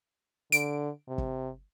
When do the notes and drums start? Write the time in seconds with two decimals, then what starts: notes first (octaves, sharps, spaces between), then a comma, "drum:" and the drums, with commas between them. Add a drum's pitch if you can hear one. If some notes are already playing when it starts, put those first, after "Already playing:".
0.52 D3 D7, drum: hi-hat
1.08 C3
1.18 drum: kick